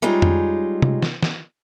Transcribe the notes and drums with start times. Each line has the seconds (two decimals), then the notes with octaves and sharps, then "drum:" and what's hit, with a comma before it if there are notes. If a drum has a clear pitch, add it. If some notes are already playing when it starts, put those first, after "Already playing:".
0.02 G3 G#3 C#4 D#4 F4
0.22 drum: tom F2
0.82 drum: tom C3
1.02 drum: snare
1.23 drum: snare